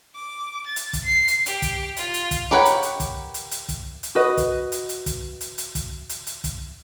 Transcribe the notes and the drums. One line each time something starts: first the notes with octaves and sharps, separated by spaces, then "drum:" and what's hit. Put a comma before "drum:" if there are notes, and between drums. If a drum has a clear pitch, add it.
D6
A6
drum: hi-hat
drum: kick, hi-hat
C7
drum: hi-hat
G4 D7, drum: hi-hat
drum: kick, hi-hat
F4, drum: hi-hat
drum: hi-hat
drum: kick, hi-hat
G4 A#4 B4 C#5 F#5
drum: hi-hat
drum: hi-hat
drum: kick, hi-hat
drum: hi-hat
drum: hi-hat
drum: kick, hi-hat
drum: hi-hat
F#4 B4 D#5
drum: kick, hi-hat
drum: hi-hat
drum: hi-hat
drum: kick, hi-hat
drum: hi-hat
drum: hi-hat
drum: kick, hi-hat
drum: hi-hat
drum: hi-hat
drum: kick, hi-hat